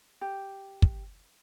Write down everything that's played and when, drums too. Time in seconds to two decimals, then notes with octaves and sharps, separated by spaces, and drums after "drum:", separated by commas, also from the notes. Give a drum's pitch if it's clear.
0.21 G4
0.82 drum: kick